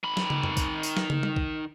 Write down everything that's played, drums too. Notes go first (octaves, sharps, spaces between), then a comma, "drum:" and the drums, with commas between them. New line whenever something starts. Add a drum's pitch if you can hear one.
D#3 B5
drum: snare
drum: tom
drum: tom F2
drum: kick B1, tambourine
drum: tambourine
drum: snare
drum: tom
drum: tom G3
drum: kick B1